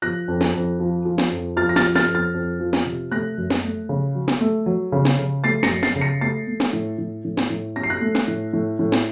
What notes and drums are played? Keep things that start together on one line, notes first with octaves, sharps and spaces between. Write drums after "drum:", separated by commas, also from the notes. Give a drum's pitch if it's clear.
F3 F#6 A#6
F2
drum: snare
F2
F3
F3
drum: snare
F2
F3 F6 A6
A#6
F6 A6, drum: snare
F2
F6 A6, drum: snare
F2
F6 A6
F2
F3
drum: snare
C3
A3 F#6 A#6
F#2
drum: snare
A3
C#3
F#3
drum: snare
A3
F#3
C#3
drum: snare
C#3
A3 A6 C7
A#6 C#7, drum: snare
F#2
A6 C7, drum: snare
C#3
A#6 C#7
A3 A6 C7
A3
drum: snare
A2
A2
A2
drum: snare
A2
C#4 A#6
C7
F#6 A#6
A3
drum: snare
A2
A2
A2
drum: snare